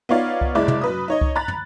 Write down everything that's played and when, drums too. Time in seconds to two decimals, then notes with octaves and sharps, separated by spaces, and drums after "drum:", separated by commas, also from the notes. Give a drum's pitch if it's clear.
0.09 B3 D#4 F4 C#5 D5 F5
0.41 drum: kick C2
0.55 F#1 G#3 E4 D5 D6
0.68 drum: tom
0.81 F#2 B4 D#6
1.08 D#4 C#5 D#5
1.21 drum: kick C2
1.35 A#5 B5 F#6 A6
1.48 drum: tom